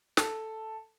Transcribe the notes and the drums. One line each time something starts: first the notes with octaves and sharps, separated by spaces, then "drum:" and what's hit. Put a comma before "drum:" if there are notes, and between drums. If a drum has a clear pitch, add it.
A4, drum: snare